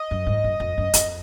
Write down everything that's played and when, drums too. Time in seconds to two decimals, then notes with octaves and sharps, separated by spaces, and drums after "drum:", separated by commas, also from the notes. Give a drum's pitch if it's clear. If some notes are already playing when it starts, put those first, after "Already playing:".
Already playing: D#5
0.11 F#2
0.27 G#2
0.44 F#2
0.60 F2
0.78 F#2
0.94 F2, drum: hi-hat